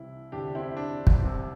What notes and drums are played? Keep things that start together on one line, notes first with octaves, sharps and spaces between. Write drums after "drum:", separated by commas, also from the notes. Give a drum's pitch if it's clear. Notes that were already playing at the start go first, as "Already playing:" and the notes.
Already playing: C2 C3 E3 E4
E1 D2 C3 E3 D4 G4
C4 E4
D4
drum: kick
C2 C3 E3